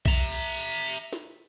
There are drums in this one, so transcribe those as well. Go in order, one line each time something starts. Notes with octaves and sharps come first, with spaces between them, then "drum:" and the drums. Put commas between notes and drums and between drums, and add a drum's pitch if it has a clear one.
E5 A#5, drum: kick B1
drum: snare